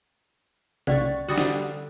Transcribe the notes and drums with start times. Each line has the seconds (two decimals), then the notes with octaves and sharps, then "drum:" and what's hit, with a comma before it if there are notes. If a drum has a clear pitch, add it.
0.87 B1 C#4 D5 F5 C#6 A6, drum: tom C3
1.28 D3 G3 F#4 D#6 A6
1.38 drum: snare